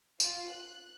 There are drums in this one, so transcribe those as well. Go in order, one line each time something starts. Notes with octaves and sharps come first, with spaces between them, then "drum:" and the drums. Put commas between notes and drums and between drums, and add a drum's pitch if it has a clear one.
F4, drum: tambourine
F#6